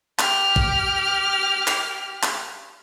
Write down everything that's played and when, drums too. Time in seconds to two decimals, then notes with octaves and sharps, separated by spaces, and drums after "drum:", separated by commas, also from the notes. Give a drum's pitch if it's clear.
0.19 G4 F6, drum: clap
0.56 drum: kick
1.67 drum: clap
2.23 drum: clap